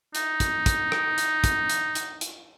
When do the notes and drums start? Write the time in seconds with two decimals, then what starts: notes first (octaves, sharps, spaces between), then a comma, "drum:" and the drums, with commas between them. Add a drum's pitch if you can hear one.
0.15 D#4, drum: hi-hat
0.40 drum: kick, hi-hat
0.66 drum: kick, hi-hat
0.92 drum: rim click
1.18 drum: hi-hat
1.44 drum: kick, hi-hat
1.70 drum: hi-hat
1.95 drum: hi-hat
2.21 drum: hi-hat